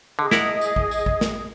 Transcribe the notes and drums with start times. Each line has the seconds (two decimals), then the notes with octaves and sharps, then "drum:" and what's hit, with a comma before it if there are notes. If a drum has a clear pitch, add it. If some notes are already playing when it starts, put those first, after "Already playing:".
0.19 D3 G#4 D#5
0.31 E4 A#4 F#5, drum: snare
0.61 drum: tambourine
0.76 drum: kick A1
0.91 drum: tambourine
1.06 drum: kick A1
1.21 drum: snare